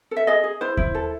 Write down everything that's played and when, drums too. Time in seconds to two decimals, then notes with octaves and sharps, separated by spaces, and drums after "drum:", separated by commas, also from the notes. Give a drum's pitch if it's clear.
0.11 A4
0.16 E5
0.27 G#4 D#5
0.44 G#4
0.61 E4 C5
0.77 E4, drum: kick D#2
0.95 A4